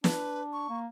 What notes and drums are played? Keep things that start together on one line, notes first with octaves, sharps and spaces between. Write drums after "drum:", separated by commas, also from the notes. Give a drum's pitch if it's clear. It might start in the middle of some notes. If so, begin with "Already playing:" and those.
D4 B4, drum: snare
C#6
A#3